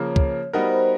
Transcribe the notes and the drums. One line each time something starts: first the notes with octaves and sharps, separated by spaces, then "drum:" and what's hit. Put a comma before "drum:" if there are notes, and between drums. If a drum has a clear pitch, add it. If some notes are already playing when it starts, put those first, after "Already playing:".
Already playing: C#3 F3 A#3 C#5
drum: kick
G3 B3 D#4 F#4 A#4 C5
C5